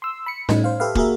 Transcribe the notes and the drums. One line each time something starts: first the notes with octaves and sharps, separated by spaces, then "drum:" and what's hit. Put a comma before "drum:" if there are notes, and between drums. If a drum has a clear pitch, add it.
C6 E6
B5 C#7
A2 G3 D#4, drum: snare C#4
C5 F5
G4 A4 B4 E5 F5
A#3 F#4 G#4 A#4 E5, drum: kick